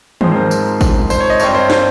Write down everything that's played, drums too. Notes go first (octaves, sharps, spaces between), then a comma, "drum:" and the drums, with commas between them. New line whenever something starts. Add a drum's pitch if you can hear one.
G#2 F3 G#3 C4 C5, drum: tom D#3
C5
A#4
drum: tambourine
drum: kick A1, tambourine
C5, drum: tambourine
C#5
D#5
G2 G3 C4 C#5, drum: tambourine
C5
C5, drum: snare